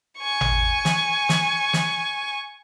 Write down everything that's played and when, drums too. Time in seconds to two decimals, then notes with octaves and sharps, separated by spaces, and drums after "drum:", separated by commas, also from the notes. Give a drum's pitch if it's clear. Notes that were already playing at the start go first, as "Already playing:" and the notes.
0.19 G#5 C#6
0.41 drum: tom G#1
0.85 drum: snare
1.29 drum: snare
1.73 drum: snare